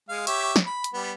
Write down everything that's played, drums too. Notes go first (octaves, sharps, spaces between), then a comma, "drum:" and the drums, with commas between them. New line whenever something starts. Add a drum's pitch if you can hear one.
G#3 F5
G4 C#5 E5, drum: hi-hat
drum: snare
B5
drum: hi-hat
G3 B3